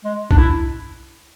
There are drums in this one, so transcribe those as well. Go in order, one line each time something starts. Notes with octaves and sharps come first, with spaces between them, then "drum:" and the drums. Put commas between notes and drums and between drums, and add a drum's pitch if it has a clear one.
G#3
D4, drum: kick
E4